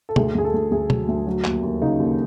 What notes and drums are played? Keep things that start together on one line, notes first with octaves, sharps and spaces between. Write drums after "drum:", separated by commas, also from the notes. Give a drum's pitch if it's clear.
A4
D2 G#4, drum: tom
D2 G#4
A4
D2
D2 G#4
F#3, drum: tom
D2
F#3
D#2, drum: clap
D#2
C#3 D#4
D#2